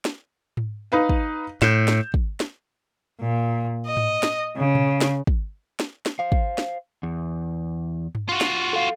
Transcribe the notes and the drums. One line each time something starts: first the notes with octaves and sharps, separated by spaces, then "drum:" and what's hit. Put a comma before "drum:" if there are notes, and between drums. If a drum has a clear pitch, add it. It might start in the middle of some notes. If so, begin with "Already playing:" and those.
drum: snare
drum: tom G#2
D#4 B4 F5
drum: kick
A2 G6 E7, drum: snare
drum: snare
drum: kick
drum: snare
A#2
D#5
drum: tom G#2
drum: snare
C#3
drum: tom A#2
drum: snare
drum: kick
drum: snare
drum: snare
C5 F5
drum: kick
drum: snare
E2
drum: tom G2
F4 F#4
drum: snare
A4 F5